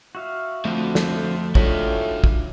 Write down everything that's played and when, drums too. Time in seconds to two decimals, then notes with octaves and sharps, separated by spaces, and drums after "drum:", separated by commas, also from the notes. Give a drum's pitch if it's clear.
0.15 F#4 E5 F5
0.65 F2 D3 F3 A3 C4 F#4
0.95 drum: snare
1.55 A2 D4 D#4 F4 F#4 E5, drum: kick
2.24 drum: kick